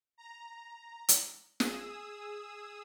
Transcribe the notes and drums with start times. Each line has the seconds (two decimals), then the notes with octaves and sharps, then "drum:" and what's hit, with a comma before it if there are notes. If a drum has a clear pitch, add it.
0.18 A#5
1.09 drum: hi-hat
1.60 G#4 D#6 E6, drum: snare